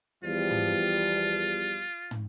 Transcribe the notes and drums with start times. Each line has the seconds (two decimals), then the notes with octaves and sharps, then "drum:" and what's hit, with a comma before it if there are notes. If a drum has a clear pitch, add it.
0.24 E2 F3 G3 F4
0.51 drum: tom
2.11 drum: tom